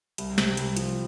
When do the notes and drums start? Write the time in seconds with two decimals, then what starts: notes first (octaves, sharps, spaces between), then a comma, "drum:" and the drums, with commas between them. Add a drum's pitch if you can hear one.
0.18 C2, drum: hi-hat
0.38 C3, drum: snare
0.57 C2, drum: hi-hat
0.77 F3, drum: hi-hat